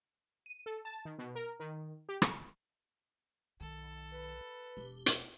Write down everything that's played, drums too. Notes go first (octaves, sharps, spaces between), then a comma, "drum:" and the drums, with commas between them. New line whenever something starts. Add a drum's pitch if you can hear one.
D#7
A4
A5
D#3
B2
A#4
D#3
G4
C#6, drum: rim click
B1 D#3 A4
B4
E1 G4
drum: hi-hat